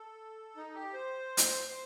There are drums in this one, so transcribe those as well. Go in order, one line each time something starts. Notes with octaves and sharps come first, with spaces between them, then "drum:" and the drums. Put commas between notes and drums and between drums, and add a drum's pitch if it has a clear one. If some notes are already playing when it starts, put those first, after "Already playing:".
Already playing: A4
D#4
G4
C5
drum: hi-hat
C5